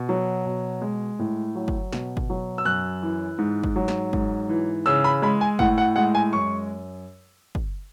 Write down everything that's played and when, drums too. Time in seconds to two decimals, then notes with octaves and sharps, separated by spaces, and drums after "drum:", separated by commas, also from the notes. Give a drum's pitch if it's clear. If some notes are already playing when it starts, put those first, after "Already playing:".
Already playing: B2
0.09 F#3
0.45 B2
0.82 G#3
1.19 A2
1.55 F#3
1.68 drum: kick
1.93 B2, drum: snare
2.17 drum: kick
2.30 F#3
2.58 E6
2.65 F#2 F#6
3.03 E3
3.39 G#2
3.64 drum: kick
3.76 F#3
3.88 drum: snare
4.13 G#2, drum: kick
4.49 E3
4.86 C#3 E6
5.04 B5
5.22 G#3 B5
5.41 G#5
5.59 A2 F#5, drum: kick
5.78 F#5
5.96 G#3 F#5
6.15 G#5
6.33 F#2 C#6
7.55 drum: kick